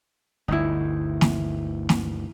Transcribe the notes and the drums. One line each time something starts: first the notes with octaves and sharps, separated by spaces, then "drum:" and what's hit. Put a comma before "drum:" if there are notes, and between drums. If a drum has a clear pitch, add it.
G1 D2 D#4 E4
drum: snare
drum: snare